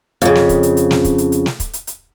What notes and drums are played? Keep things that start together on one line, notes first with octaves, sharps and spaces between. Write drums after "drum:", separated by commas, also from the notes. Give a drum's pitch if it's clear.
F2 C#3, drum: hi-hat
drum: snare
drum: kick, hi-hat
drum: hi-hat
drum: hi-hat
drum: snare
drum: kick, hi-hat
drum: hi-hat
drum: hi-hat
drum: snare
drum: kick, hi-hat
drum: hi-hat
drum: hi-hat